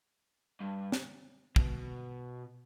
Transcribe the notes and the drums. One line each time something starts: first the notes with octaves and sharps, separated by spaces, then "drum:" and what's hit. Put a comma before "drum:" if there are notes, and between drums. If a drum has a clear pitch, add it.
G2
drum: snare
B2, drum: kick